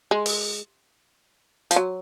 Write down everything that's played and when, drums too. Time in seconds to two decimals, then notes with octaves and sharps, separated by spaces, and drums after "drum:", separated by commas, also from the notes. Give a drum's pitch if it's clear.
0.11 G#3
0.26 drum: open hi-hat
1.71 F3, drum: hi-hat
1.76 F#3